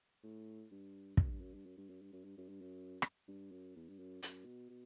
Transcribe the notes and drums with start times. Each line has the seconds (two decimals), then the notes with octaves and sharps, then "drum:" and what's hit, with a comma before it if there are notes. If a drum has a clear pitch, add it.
0.24 A2
0.71 G2
1.17 F#2, drum: kick
1.30 G2
1.41 F#2
1.54 G2
1.66 F#2
1.78 G2
1.89 F#2
2.02 G2
2.13 F#2
2.25 G2
2.37 F#2
2.49 G2
2.61 F#2
3.02 drum: rim click
3.28 G2
3.52 F#2
3.76 E2
3.89 G2
3.99 F#2
4.23 F#2, drum: hi-hat
4.45 B2
4.70 B2